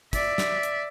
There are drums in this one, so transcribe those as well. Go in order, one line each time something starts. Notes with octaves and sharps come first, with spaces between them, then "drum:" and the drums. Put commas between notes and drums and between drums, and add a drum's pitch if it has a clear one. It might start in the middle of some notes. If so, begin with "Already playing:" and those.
D5 E5, drum: kick, hi-hat
drum: snare
drum: hi-hat